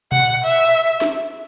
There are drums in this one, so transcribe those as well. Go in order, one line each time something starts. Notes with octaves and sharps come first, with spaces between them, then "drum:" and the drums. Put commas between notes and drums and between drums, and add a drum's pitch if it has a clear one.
F#5, drum: tom A#2
E5
drum: snare